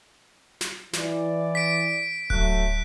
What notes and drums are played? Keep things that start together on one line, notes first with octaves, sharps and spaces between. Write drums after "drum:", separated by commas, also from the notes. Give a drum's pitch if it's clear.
drum: snare
E3 D5, drum: snare
B6 D7
F#3 A3 F#6, drum: kick D1